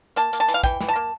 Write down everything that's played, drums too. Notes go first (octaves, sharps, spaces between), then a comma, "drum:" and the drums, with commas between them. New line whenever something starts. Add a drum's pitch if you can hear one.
A#3 A5, drum: hi-hat
A#3, drum: hi-hat
A5
E3, drum: hi-hat
F5
E3 G5, drum: kick
E3, drum: snare
A5
A#3